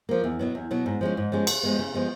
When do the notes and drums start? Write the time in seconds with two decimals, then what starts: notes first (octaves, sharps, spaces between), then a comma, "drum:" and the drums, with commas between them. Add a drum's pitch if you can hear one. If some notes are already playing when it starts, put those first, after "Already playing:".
0.09 F3 A#3
0.24 E2
0.39 B2 F#3 B3
0.55 E2
0.71 B2 F#3 B3
0.86 G#2
1.01 F3 G#3 C#4
1.17 G#2
1.32 F3 G#3 C#4
1.47 C#3, drum: cymbal
1.63 F3 G#3 B3
1.78 C#3
1.94 F3 G#3 B3